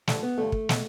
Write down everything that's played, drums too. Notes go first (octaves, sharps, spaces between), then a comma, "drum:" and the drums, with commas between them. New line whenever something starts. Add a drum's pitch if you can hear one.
G2 D3 F3 A3, drum: snare
B3
G2 D3 F3 A3
drum: kick
B2, drum: snare